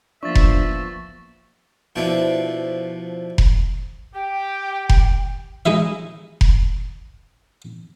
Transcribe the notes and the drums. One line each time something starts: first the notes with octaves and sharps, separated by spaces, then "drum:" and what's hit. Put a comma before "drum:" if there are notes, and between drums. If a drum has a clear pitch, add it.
F3 A#3 B3 D4 E5 C#6 A6
drum: kick F1
B2 F3 D4 E4
drum: kick F1
G4 G5
drum: kick F1
G#3 D#4 E4 E5
drum: kick F1